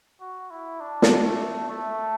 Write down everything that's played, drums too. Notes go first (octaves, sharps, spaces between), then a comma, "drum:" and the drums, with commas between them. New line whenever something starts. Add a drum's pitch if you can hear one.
F#4
E4
D4
drum: snare
A3
A3